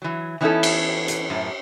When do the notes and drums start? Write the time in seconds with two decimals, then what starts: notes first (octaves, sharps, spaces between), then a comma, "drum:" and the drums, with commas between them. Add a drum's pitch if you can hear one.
0.02 E3 F#3
0.41 E3 B3 C#4 D#4 E4 A4
0.63 drum: cymbal
1.08 drum: hi-hat
1.30 F#2 A2